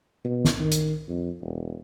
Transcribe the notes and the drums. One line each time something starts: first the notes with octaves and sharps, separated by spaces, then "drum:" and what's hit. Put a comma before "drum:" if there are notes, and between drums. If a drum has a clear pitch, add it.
B2
drum: snare
D#3
drum: hi-hat
F2
E1